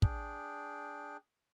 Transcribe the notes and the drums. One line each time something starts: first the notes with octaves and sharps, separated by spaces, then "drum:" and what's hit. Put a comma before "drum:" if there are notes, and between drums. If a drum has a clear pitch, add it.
D4 G#4 G5, drum: kick